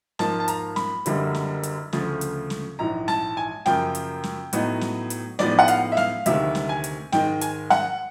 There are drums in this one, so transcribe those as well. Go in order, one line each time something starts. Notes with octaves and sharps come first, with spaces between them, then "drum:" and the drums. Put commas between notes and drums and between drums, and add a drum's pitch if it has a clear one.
G#2 F3 A#3 A5, drum: snare
A5
A#5, drum: hi-hat
B5, drum: snare
F#1 F#2 D3 G3 A#3, drum: hi-hat
drum: snare
drum: hi-hat
D2 C#3 F3 A3, drum: snare
drum: hi-hat
drum: snare
A#1 G#2 E3 A#5
A5, drum: snare
G#5
F#2 C#3 F3 A#3 G5, drum: snare
drum: hi-hat
drum: snare
A2 F#3 B3 D#4, drum: hi-hat
drum: snare
drum: hi-hat
A2 F3 G#3 B3 D#4 D5, drum: snare
F#5
F5, drum: hi-hat
E5
F5, drum: snare
D2 C3 D#3 E5, drum: hi-hat
drum: snare
G#5
drum: hi-hat
G#2 D#3 G#3 G5, drum: snare
G#5, drum: hi-hat
F#5, drum: snare